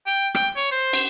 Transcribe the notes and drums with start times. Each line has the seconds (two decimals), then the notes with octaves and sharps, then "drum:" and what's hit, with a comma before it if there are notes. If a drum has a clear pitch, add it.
0.07 G5
0.35 G5, drum: rim click
0.56 C#5
0.71 C5
0.93 drum: cymbal